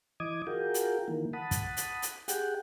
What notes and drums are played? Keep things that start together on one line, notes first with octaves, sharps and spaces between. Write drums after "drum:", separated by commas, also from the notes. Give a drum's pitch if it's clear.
E3 D#5 D6 D#6 G#6
F4 F#4 G#4 A#4 G5
drum: hi-hat
D#3 E3 A#3
F#5 A5 B5 D#6
drum: kick, hi-hat
drum: hi-hat
drum: hi-hat
G4 G#4 F#5 G5, drum: hi-hat